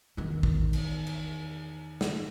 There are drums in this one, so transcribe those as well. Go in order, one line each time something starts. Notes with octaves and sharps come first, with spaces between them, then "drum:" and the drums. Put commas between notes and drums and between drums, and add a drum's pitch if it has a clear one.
E2 D#3
drum: kick
drum: cymbal
drum: cymbal
drum: snare